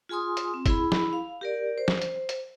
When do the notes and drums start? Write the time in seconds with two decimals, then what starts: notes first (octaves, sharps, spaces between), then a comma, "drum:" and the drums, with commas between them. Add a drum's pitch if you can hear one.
0.09 F4 G#4 G#5 C6 D#6
0.37 drum: hi-hat
0.54 C4
0.66 E4 G#4 B5, drum: kick F#1, hi-hat
0.92 drum: snare
1.13 F5
1.41 G4 A#4 D5
1.78 C5
1.88 drum: snare
2.02 drum: hi-hat
2.29 drum: hi-hat